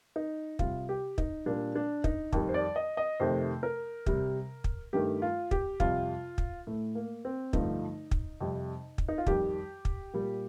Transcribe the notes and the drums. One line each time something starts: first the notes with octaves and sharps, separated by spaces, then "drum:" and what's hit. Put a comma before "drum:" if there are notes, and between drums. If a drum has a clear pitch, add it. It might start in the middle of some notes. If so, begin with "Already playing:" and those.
D#4
C3 G3 F4, drum: kick
G4
D#4, drum: kick
A#2 G3 D4
D4
D#4, drum: kick
F2 D#3 G3, drum: kick
C5
D5
D#5
D#5
F2 C3 D#3 A3 C5
A#4
C3 G3, drum: kick
drum: kick
G2 D#3 A3 G4
F4
G4, drum: kick
F2 C3 G3 F4, drum: kick
drum: kick
A2 A3
A#3
C4
G2 D3 F3 A3 D#4, drum: kick
drum: kick
F2 C3 G3
drum: kick
D#4
F4
F2 D#3 G3 G4, drum: kick
drum: kick
A#2 G3